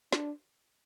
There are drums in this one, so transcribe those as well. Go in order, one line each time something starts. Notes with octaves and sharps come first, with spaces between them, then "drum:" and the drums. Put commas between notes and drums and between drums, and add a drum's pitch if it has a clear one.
D4, drum: snare